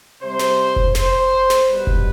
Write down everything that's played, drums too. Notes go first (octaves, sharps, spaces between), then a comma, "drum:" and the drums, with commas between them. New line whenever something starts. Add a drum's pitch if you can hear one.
C3 G3 C5
drum: snare
drum: kick F1
C5, drum: snare
drum: snare
B2 G3 B4
drum: kick F1